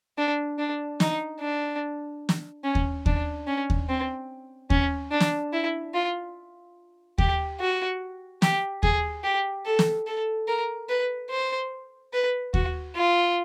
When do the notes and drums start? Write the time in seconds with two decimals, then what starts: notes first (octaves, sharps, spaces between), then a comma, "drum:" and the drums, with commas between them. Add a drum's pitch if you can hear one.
0.18 D4
0.58 D4
1.00 D#4, drum: snare
1.40 D4
2.29 drum: snare
2.64 C#4
2.75 drum: kick D#2
3.06 D4, drum: kick D#2
3.47 C#4
3.70 drum: kick D#2
3.89 C4
4.70 C#4, drum: kick D#2
5.11 D4
5.20 drum: snare
5.53 E4
5.94 F4
7.18 G4, drum: kick D#2
7.60 F#4
8.42 G4, drum: snare
8.83 G#4, drum: kick D#2
9.24 G4
9.65 A4
9.79 drum: snare
10.07 A4
10.48 A#4
10.89 B4
11.30 C5
12.13 B4
12.54 F#4, drum: kick D#2
12.96 F4